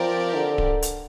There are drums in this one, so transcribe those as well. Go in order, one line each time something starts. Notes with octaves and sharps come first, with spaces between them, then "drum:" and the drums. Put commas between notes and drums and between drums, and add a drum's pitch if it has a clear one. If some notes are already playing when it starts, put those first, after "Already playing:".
Already playing: F3 C4 G4 A#4 D5
D3
drum: kick D1
drum: hi-hat